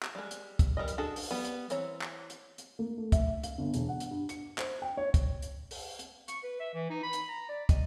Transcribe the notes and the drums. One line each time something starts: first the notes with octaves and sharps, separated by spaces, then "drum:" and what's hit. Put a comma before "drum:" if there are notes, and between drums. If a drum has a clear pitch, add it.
drum: clap
G3 G#3
drum: hi-hat
drum: kick, hi-hat
E3 G3 A#4 D#5
drum: hi-hat
D4 F#4 G#4 A4
drum: open hi-hat
G3 B3
drum: hi-hat
E3 C4 C#5 A#5, drum: hi-hat
drum: clap
drum: hi-hat
drum: hi-hat
A#3
A3
E5, drum: kick, hi-hat
F5, drum: hi-hat
G1
E1, drum: hi-hat
F#5
drum: hi-hat
G2
C#7, drum: hi-hat
C5, drum: clap
G5
C#5
drum: kick, hi-hat
drum: hi-hat
drum: open hi-hat
drum: hi-hat
C#6, drum: hi-hat
B4
E5
E3
D#4
B5
drum: hi-hat
A#5
D5
D#5, drum: kick, hi-hat